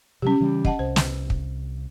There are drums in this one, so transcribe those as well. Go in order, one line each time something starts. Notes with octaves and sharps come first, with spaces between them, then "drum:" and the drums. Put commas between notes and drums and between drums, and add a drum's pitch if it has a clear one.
C3 F#3 G3 C#4 G4
C#3 E3 G3
D#5 F#5 A5, drum: kick
C2 C5
drum: snare
drum: kick